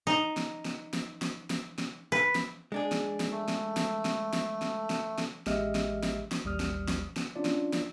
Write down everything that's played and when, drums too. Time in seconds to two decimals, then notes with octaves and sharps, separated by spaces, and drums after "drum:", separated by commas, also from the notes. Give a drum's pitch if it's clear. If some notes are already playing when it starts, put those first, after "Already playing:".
0.07 D#4
0.37 drum: snare
0.65 drum: snare
0.93 drum: snare
1.22 drum: snare
1.50 drum: snare
1.78 drum: snare
2.12 B4
2.35 drum: snare
2.72 G#3 D4 G#4
2.92 drum: snare
3.20 drum: snare
3.31 A3
3.48 drum: snare
3.77 drum: snare
4.05 drum: snare
4.33 drum: snare
4.62 drum: snare
4.90 drum: snare
5.18 drum: snare
5.47 A1 G#3 G4 D#5 E5 F6, drum: snare
5.75 drum: snare
6.03 drum: snare
6.32 drum: snare
6.44 A1 D#2 G3 D#6 F6
6.60 drum: snare
6.88 drum: snare
7.16 drum: snare
7.36 C#4 D4 F4 D5
7.45 drum: snare
7.73 drum: snare